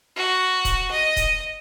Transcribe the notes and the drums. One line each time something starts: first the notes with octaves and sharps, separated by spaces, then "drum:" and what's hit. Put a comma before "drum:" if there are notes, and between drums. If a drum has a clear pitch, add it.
F#4
drum: kick D#1, hi-hat
D#5
drum: kick D#1, hi-hat